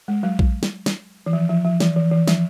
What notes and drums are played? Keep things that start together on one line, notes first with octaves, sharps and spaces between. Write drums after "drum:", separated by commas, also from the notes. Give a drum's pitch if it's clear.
G#3
F#3
drum: kick A#1
drum: snare
drum: snare
E3
F3
F3
F3
E3, drum: snare
E3
E3
F3, drum: snare